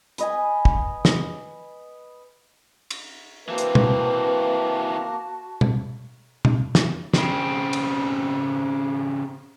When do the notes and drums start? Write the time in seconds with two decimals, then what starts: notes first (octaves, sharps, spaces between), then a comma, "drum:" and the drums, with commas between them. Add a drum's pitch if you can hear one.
0.18 B4 D#5 G#5, drum: hi-hat
0.65 drum: kick
1.05 drum: snare
2.91 drum: cymbal
3.48 E3 A#3 C4 F#4 B4 A5
3.58 drum: hi-hat
3.75 drum: tom B2
5.61 drum: tom B2
6.45 drum: tom B2
6.75 drum: snare
7.14 C#3 C4, drum: snare
7.73 drum: cymbal